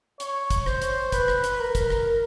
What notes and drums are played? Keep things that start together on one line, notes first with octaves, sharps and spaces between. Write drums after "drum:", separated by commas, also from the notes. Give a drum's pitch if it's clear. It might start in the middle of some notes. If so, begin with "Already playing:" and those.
C#5, drum: hi-hat
drum: kick, hi-hat
C5, drum: rim click
drum: hi-hat
B4, drum: kick, hi-hat
drum: rim click
drum: hi-hat
A#4
drum: kick, hi-hat
drum: rim click